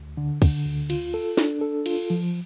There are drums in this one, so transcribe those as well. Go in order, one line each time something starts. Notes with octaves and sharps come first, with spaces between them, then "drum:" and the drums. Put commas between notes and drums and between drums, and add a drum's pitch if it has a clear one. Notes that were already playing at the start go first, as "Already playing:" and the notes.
Already playing: D2
D3
D3, drum: kick, cymbal
D2
F4, drum: cymbal
A4
D4, drum: snare
A4
F4, drum: cymbal
F3